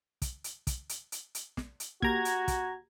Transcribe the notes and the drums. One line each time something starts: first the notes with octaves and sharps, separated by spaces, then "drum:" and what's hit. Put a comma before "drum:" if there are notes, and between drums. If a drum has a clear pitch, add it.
drum: kick, hi-hat
drum: hi-hat
drum: kick, hi-hat
drum: hi-hat
drum: hi-hat
drum: hi-hat
drum: snare
drum: hi-hat
A#3 F#4 G4 A#5 G#6, drum: kick
drum: hi-hat
drum: kick, hi-hat